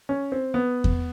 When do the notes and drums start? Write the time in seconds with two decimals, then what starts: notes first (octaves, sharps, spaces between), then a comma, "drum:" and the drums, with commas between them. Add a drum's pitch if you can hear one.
0.09 C#4
0.32 C4
0.54 B3
0.84 drum: kick E2